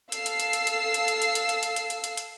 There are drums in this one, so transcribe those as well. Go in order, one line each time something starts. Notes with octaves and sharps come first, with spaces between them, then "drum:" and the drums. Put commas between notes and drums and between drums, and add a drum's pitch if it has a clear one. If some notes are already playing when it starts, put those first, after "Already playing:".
A4 F5 E6 C7, drum: hi-hat
drum: hi-hat
drum: hi-hat
drum: hi-hat
drum: hi-hat
drum: hi-hat
drum: hi-hat
drum: hi-hat
drum: hi-hat
drum: hi-hat
drum: hi-hat
drum: hi-hat
drum: hi-hat
drum: hi-hat
drum: hi-hat